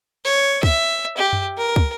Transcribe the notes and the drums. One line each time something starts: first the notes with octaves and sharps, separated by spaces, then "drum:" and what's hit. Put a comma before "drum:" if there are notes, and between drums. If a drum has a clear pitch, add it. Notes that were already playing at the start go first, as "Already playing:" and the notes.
C#5
E5, drum: kick
G4
drum: tom F#2
A#4
drum: kick